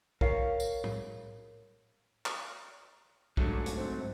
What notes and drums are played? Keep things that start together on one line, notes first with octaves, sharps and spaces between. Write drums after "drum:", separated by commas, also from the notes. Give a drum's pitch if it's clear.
A#4 C#5 F5, drum: kick B1
drum: tambourine
drum: tom
drum: clap
G#2 F#3 A3 D4, drum: kick B1
drum: hi-hat
C4